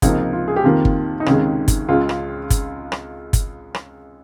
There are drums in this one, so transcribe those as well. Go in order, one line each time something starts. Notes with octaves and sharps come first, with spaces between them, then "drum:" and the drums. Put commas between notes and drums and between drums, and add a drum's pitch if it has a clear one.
C#2 C3 F3 A#3 D#4, drum: kick G1, hi-hat
F4
G#4
G4
F2 D#3 A#3 F4
drum: kick G1
D#4
C#2 C3 D#3 G#3 C#4, drum: rim click
drum: kick G1, hi-hat
C#2 C#3 G#3 F4
drum: rim click
drum: kick G1, hi-hat
drum: rim click
drum: kick G1, hi-hat
drum: rim click